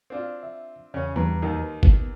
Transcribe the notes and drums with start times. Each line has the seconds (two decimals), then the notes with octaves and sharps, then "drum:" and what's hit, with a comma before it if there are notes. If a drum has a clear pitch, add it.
0.10 C4 D4 F4
0.43 E5
0.94 E2 C#3 C#4
1.16 E2 G2 B4 A#5
1.42 D#2 D#3 D#4
1.83 B3, drum: kick G1